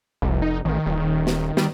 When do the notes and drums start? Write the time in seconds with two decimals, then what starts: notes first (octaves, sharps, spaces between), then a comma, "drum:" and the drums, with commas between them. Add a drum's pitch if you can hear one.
0.22 F1 C2
0.42 D#4
0.65 A1 D#3
0.86 D#1
1.27 drum: snare
1.57 G3, drum: snare